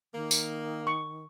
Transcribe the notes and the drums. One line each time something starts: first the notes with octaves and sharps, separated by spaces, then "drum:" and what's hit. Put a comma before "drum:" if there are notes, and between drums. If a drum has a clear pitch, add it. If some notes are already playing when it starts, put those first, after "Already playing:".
D#3 A#3
drum: tambourine
C#6